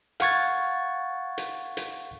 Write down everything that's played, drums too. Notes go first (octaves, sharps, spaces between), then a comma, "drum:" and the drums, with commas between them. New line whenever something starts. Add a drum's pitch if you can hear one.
F5 F#5 C#6 G#6 A6, drum: hi-hat
drum: hi-hat
drum: hi-hat